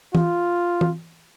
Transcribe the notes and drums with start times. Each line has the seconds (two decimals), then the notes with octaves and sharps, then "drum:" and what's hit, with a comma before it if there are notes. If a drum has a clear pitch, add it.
0.15 F4, drum: tom E3
0.81 drum: tom E3